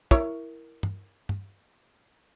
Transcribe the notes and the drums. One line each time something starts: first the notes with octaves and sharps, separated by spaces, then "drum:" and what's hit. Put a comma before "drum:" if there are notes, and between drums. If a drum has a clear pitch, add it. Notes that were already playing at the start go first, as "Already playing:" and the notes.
E4 A#4 C#5, drum: kick
drum: tom
drum: tom